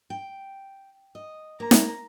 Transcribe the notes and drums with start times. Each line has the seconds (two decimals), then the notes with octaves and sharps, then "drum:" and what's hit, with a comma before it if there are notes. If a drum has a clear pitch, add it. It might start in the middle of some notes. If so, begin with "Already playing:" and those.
0.10 G5
1.15 D#5
1.60 A#3 A#5
1.71 drum: snare